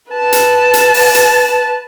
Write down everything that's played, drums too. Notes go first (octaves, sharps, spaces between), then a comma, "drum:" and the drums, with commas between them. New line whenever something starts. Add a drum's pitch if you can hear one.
B4 A5
drum: hi-hat
drum: hi-hat
drum: open hi-hat
drum: hi-hat